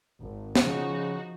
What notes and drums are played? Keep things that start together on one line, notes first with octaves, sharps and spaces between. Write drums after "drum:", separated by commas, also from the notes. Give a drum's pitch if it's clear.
G#1
drum: snare
C#3 F3 D#4 F#4